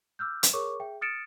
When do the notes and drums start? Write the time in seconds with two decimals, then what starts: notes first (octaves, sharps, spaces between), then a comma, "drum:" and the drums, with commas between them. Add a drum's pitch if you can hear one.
0.19 D6 E6 F6 G6
0.43 drum: hi-hat
0.53 G#4 A#4 C#5 C#6 D6
0.80 G#4 E5 G5
1.01 D#6 F6 A6 C#7 D7 E7